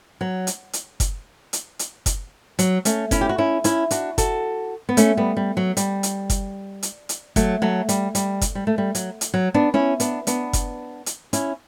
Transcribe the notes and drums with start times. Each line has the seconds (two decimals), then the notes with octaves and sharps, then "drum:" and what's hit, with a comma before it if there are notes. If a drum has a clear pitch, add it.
0.21 F#3
0.47 drum: hi-hat
0.73 drum: hi-hat
1.00 drum: kick F#1, hi-hat
1.53 drum: hi-hat
1.79 drum: hi-hat
2.06 drum: kick F#1, hi-hat
2.59 F#3, drum: hi-hat
2.85 A3 C#4, drum: hi-hat
3.11 C#4 E4, drum: kick F#1, hi-hat
3.21 G4
3.29 F#4
3.38 C#4 E4
3.64 C#4 E4, drum: hi-hat
3.91 D4 F#4, drum: hi-hat
4.18 F#4 A4, drum: kick F#1, hi-hat
4.89 B3
4.97 A3 C#4, drum: hi-hat
5.17 G3 B3
5.37 G3
5.57 F#3
5.77 G3, drum: hi-hat
6.03 drum: hi-hat
6.30 drum: kick F#1, hi-hat
6.83 drum: hi-hat
7.09 drum: hi-hat
7.36 F#3 A3, drum: kick F#1, hi-hat
7.62 F#3 A3
7.89 G3, drum: hi-hat
8.15 G3, drum: hi-hat
8.41 drum: kick F#1, hi-hat
8.55 G3
8.67 A3
8.78 G3
8.95 F#3, drum: hi-hat
9.21 drum: hi-hat
9.34 F#3
9.54 B3 D4
9.74 C#4 E4
10.00 B3 D4, drum: hi-hat
10.27 B3 D4, drum: hi-hat
10.53 drum: kick F#1, hi-hat
11.06 drum: hi-hat
11.33 C#4 E4, drum: hi-hat